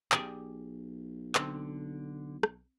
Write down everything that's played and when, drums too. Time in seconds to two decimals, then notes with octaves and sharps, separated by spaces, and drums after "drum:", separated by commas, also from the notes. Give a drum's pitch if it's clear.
0.12 B1 G4 G#4 D5, drum: clap
1.35 D3 C4, drum: clap
2.43 drum: rim click